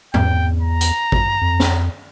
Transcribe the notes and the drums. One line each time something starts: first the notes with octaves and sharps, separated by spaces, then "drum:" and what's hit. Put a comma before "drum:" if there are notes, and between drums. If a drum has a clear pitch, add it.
E2 G5, drum: tom G#2
A#5
drum: hi-hat
drum: kick G#1
F2
drum: snare